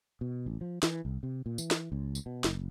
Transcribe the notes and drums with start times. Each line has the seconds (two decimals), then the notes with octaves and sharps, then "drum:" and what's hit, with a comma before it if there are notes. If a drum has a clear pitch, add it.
0.21 B2
0.46 A1
0.61 F3
0.83 E3, drum: snare
1.05 C2
1.23 C3
1.46 A#2
1.58 E3, drum: tambourine
1.71 drum: snare
1.92 C#2
2.15 drum: tambourine
2.26 B2
2.44 F#1, drum: snare